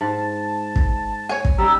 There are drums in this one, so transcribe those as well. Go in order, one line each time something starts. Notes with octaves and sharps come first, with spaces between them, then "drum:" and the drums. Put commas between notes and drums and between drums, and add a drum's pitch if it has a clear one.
G#2 A5
drum: kick
C#5 G#5
drum: kick
G3 C#4 D#4 A#5 E6